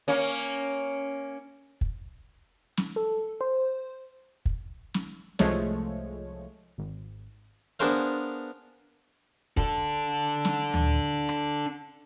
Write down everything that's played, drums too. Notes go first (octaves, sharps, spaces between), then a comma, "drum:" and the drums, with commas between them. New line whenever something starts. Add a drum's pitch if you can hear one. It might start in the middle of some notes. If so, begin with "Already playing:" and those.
A#3 C#4
drum: kick
drum: snare
A4
C5
drum: kick
drum: snare
C2 F3 G#3 A3 C#5, drum: snare
G#1
B3 D4 G#4 A#4 C5 F5, drum: open hi-hat
D4 A4, drum: kick
drum: snare
drum: tom D2
drum: rim click